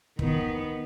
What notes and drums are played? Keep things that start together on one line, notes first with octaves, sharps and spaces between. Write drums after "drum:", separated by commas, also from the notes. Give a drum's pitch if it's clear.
D#3 B3, drum: kick